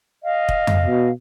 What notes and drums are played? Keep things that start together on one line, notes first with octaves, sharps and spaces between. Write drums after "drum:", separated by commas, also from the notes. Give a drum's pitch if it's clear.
D#5 F5
drum: kick
drum: tom F2
B2